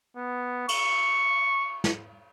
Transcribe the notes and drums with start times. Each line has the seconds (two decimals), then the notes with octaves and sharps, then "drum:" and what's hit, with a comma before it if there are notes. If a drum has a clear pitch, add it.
0.17 B3
0.69 C#6, drum: cymbal
1.84 drum: snare